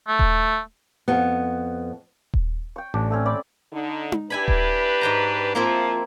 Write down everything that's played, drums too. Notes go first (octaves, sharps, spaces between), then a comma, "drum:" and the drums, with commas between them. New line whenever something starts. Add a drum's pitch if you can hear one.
A3
drum: kick D#1
F2 B3
drum: kick D#1
G5 C#6
A1 D4
A3 C4 C#4
D5 B5 D6
D3 D#4
drum: tom D#4
D4 E4 G4 B4 G#5 B5
drum: kick D#1
G#2 G5 A#5
F3 A#3 C4 E4 F4